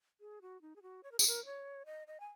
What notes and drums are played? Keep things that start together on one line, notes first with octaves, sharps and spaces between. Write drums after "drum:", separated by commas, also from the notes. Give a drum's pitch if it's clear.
G#4
F#4
D#4
G#4
F#4
C#5
A#4
G#4, drum: tambourine
A#4
C#5
D#5
D#5
G#5